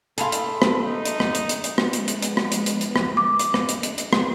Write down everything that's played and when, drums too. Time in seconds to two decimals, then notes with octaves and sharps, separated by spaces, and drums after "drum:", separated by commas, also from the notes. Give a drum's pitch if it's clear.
0.18 A3 G#4 F5 A5 B5 C6, drum: hi-hat
0.32 drum: hi-hat
0.62 drum: rim click
0.83 D#4
1.05 drum: hi-hat
1.20 drum: rim click
1.35 drum: hi-hat
1.49 drum: hi-hat
1.64 drum: hi-hat
1.78 F3 G#3 B3, drum: rim click
1.93 drum: hi-hat
2.08 drum: hi-hat
2.22 drum: hi-hat
2.37 drum: rim click
2.52 drum: hi-hat
2.66 drum: hi-hat
2.81 drum: hi-hat
2.96 drum: rim click
3.17 D6
3.39 drum: hi-hat
3.54 drum: rim click
3.69 drum: hi-hat
3.83 drum: hi-hat
3.98 drum: hi-hat
4.13 drum: rim click